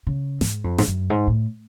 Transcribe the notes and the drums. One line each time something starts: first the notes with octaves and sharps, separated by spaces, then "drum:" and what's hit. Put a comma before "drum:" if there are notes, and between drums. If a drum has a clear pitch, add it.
C#3
G#2, drum: snare
F2
G#2, drum: snare
F#2
G#2
A2